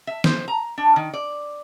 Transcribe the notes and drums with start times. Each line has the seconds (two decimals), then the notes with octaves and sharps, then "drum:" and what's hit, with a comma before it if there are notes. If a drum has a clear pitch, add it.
0.07 E5
0.24 C5, drum: snare
0.48 A#5
0.78 D4
0.96 D#3
1.14 D5